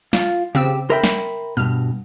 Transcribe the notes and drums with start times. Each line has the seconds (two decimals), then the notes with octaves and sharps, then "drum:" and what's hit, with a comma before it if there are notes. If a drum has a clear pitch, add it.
0.13 F4, drum: snare
0.55 C#3 C4 G4 E6
0.90 A#4 E5 G5 B5 C6
1.04 drum: snare
1.57 G2 B2 F6